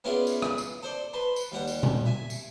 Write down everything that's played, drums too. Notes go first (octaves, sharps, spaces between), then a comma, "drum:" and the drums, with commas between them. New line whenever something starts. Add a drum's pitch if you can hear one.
B3 C#4 E4 F4 G#4 D5
drum: tambourine
drum: rim click
drum: tambourine
A4 C5 D5
B4 A5 C6
drum: tambourine
D#2 G3 F#5
drum: tambourine
drum: tom A#2
E5 G#5
drum: tambourine